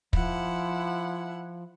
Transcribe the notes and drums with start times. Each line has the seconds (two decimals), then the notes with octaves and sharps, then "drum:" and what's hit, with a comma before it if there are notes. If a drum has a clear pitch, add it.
0.13 F3 E4 F#5, drum: kick